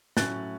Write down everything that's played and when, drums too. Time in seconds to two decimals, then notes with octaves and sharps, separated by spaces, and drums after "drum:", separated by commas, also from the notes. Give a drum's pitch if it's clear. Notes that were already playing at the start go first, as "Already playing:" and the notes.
0.17 A2 F#3 C#4 F#6 A6, drum: snare